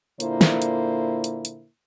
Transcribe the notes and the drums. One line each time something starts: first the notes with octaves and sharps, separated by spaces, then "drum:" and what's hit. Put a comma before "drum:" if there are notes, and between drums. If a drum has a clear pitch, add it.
A#2 D3 A#3 E4 C5, drum: hi-hat
drum: snare
drum: hi-hat
drum: hi-hat
drum: hi-hat